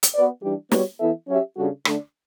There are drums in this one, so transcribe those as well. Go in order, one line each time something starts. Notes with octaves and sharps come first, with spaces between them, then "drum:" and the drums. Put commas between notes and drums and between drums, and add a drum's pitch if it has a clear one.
drum: hi-hat
B3 F#4 B4 D5
E3 G3 D4 G4
G3 B3 F#4 C#5, drum: snare
E3 B3 E4 A4 E5
F#3 C#4 G4 C#5 E5
C#3 G3 D4 F#4 A4
D3 A3 D4, drum: rim click